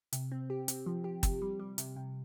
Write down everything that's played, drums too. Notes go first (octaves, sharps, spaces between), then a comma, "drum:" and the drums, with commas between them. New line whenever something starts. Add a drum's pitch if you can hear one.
C3, drum: hi-hat
C4
G4
C4, drum: hi-hat
F3
G4
C3, drum: kick, hi-hat
G3
G3
C3, drum: hi-hat
C3